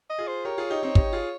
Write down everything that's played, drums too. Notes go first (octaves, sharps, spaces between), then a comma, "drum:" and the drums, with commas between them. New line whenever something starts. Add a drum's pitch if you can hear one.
D#5
F4 G#4
C5
G4 A#4 C#5
F4 G#4
D#4 G4
C4 D#4
D#4 G4, drum: kick
F4 G#4